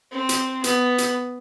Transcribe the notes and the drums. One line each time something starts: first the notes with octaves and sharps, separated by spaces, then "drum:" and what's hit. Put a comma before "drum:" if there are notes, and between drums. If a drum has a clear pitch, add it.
C4
drum: hi-hat
B3, drum: hi-hat
drum: hi-hat